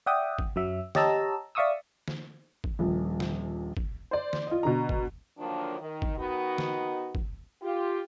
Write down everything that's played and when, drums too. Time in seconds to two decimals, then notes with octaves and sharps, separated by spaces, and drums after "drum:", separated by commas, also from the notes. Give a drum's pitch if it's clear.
0.06 D5 E5 F#5 G5 D#6
0.39 drum: kick
0.56 F#2 F#3 E5
0.95 G4 C#5 D#5 A5 A#5 E6, drum: snare
1.55 D5 E5 F5 C#6 D#6 E6
2.08 drum: snare
2.64 drum: kick
2.79 D#1 A#1
3.20 drum: snare
3.77 drum: kick
4.11 C5 D5
4.33 drum: snare
4.47 F4 D#5
4.63 B2 D3 A#5
4.89 drum: kick
5.39 D3 D#3 F3 F#3 A#3 D4
5.80 D#3
6.02 drum: kick
6.17 D#3 B3 D#4 F#4
6.58 drum: snare
7.15 drum: kick
7.63 F4 G4